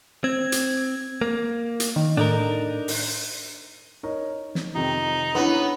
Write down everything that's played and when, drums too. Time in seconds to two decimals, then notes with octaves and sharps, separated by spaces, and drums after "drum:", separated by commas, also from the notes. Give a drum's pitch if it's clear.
0.24 C4 G#6
0.52 drum: hi-hat
1.21 A#3
1.80 drum: hi-hat
1.96 D#3
2.17 A2 D4 D#4 A#4
2.88 drum: open hi-hat
4.03 D#4 A#4 C#5
4.55 drum: snare
4.75 F2 C3 D#3 D#4
5.35 B3 C#4 D4 E4